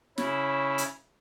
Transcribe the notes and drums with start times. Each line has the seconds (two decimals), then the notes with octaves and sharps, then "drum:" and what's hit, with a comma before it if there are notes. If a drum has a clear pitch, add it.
0.18 C#3 E4 C#5 B5, drum: snare
0.78 drum: hi-hat